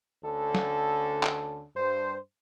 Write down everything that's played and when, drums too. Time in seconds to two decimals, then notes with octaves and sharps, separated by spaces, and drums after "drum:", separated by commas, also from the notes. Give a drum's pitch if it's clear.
0.24 D2 D3 C#4 A4
0.55 drum: snare
1.23 drum: clap
1.75 G2 C5